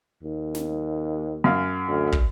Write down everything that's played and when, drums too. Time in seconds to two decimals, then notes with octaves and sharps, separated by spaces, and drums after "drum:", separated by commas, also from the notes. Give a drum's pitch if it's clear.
0.23 D#2
0.55 drum: snare
1.44 F#2 F5
1.88 D2
2.12 drum: kick